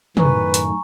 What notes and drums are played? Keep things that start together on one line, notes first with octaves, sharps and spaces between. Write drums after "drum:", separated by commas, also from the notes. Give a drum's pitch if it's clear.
F#2 A2 D#3 B4 G#5 A#5 C#6, drum: tom
drum: hi-hat